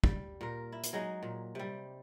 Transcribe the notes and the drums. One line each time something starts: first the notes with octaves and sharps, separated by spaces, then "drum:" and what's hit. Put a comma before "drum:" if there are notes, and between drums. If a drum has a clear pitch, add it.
G3, drum: kick
A#2 A#4
E4
drum: hi-hat
F#3 G#3 D#4
A#2
C3 G3